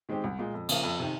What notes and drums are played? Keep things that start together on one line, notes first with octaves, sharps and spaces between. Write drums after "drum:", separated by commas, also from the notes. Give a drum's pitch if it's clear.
D#3 G#3 C4 G4
C2
A#2 G#3
F2
C#3 F3 A#3, drum: cymbal
F2
C3 D#3